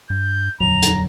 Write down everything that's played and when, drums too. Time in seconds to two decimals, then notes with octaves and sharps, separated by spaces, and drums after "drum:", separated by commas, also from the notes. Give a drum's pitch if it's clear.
0.10 G2 G6
0.61 D#1 F2 D3 F#3 A#5 F7
0.82 drum: hi-hat